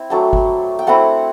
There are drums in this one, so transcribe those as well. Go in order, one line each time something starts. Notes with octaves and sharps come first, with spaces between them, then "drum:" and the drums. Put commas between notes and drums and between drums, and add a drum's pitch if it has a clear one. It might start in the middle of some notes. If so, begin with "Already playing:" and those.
Already playing: C4 E4
F#3 A3 D4 G5
drum: kick G1
G5
A3 C4 E4 F#5